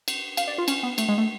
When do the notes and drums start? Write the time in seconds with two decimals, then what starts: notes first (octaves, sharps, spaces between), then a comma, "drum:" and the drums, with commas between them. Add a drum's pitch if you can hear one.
0.08 drum: cymbal
0.37 F5, drum: cymbal
0.47 D5
0.58 F4
0.68 C#4, drum: cymbal
0.83 B3
0.98 A3, drum: cymbal
1.08 G#3
1.18 A3